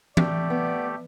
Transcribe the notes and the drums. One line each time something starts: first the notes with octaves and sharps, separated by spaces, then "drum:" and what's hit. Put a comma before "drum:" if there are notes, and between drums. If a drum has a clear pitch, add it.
A3 G4 D5, drum: tom E3
B3